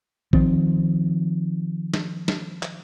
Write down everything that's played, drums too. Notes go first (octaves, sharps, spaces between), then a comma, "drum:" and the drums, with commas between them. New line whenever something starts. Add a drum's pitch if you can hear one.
D#3 F3 C4, drum: kick
drum: snare
drum: snare
drum: clap